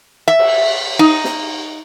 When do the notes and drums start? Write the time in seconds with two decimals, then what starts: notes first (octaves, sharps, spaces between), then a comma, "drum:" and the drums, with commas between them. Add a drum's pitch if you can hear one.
0.28 E5
0.39 drum: cymbal
0.99 D#4
1.24 drum: snare